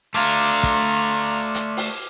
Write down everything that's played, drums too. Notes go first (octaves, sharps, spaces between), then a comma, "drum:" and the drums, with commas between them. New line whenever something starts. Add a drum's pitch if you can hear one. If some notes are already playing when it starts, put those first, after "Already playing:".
A3 D4 F5 A#5 C6 D6 F6 G#6
drum: kick
drum: hi-hat
drum: open hi-hat